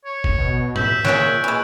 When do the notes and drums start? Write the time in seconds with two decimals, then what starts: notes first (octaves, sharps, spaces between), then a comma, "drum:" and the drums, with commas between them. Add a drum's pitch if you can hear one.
0.05 C#5
0.24 drum: kick
0.38 B2
0.76 E5 G6 F#7, drum: tom G#2
1.05 A#2 G#4 C#5 C#6 F#6 D7, drum: snare
1.44 E3 G#3